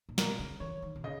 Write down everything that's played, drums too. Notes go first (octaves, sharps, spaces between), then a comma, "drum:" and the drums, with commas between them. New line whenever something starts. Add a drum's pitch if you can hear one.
A#2
B2 A#4, drum: snare
C#3
E3 C#5
D#3
B2
C#3 D#5